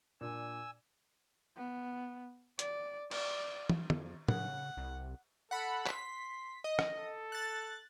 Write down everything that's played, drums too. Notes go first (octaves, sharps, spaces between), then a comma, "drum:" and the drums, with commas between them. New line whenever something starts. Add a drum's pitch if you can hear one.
A#2 D4 G#5 E6
B3
D5, drum: hi-hat
D5, drum: cymbal
drum: tom
F2, drum: tom
C#3 F#5, drum: tom
C2
A4 F#5 B5
C6 B6, drum: clap
D#5
drum: rim click
A4
F#6 A6